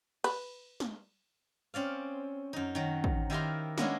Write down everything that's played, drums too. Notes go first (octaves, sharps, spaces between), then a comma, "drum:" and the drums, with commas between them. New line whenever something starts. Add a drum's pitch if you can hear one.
B4, drum: cymbal
drum: snare
C4 C#4 D5 F5
F#2 D#4
D#3 F#3
drum: kick
D#3 E4 G4 A#4 F5 C6
G#3 A#3 B3 C#4 D4 E4, drum: snare